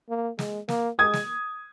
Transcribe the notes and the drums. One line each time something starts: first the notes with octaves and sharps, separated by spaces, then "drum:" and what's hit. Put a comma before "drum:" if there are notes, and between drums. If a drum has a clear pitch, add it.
A#3
G#3, drum: snare
A#3, drum: snare
G#3 D#6 G#6
drum: snare